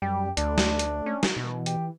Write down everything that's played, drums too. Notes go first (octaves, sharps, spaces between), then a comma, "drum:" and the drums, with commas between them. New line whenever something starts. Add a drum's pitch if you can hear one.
F#2 G3 G4
D2 A3 D4, drum: hi-hat
drum: snare
drum: hi-hat
C#4
drum: snare
B2 E3
G4, drum: hi-hat